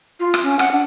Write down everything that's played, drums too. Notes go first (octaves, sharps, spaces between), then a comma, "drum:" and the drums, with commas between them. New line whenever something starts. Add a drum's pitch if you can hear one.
F4
drum: rim click
C#4
F#5, drum: rim click
D4